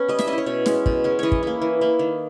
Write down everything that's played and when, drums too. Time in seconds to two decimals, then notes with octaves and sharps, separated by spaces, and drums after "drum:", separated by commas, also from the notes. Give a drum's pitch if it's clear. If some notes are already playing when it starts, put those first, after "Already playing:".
Already playing: B3 C#4
0.08 G3 D#5
0.19 E5, drum: snare
0.27 C#4 D#5
0.33 E4 C#5
0.46 B2 C#5
0.66 G#3 C#4, drum: snare
0.86 B2, drum: kick
1.04 G#3 C#4
1.19 E3 C#5 D#5
1.32 drum: kick
1.43 A#3 E4
1.62 E3
1.81 A#3 E4
1.99 D#3